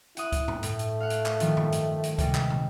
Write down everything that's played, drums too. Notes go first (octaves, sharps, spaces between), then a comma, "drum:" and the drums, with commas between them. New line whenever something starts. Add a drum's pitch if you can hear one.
E4 F#5 D#6, drum: hi-hat
drum: kick C#2, hi-hat
drum: tom G2
A2 A3, drum: hi-hat
drum: hi-hat
F5 F#5
drum: hi-hat
drum: clap
D#3 F3 G3, drum: hi-hat
drum: tom G2
drum: hi-hat
drum: hi-hat
C3 G3 G#3, drum: kick C#2, hi-hat
drum: clap
drum: tom